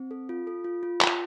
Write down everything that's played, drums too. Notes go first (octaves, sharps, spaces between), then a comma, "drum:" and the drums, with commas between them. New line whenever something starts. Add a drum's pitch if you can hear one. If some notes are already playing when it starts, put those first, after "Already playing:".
Already playing: C4
A4
F4
A4
F4
F4
F4, drum: clap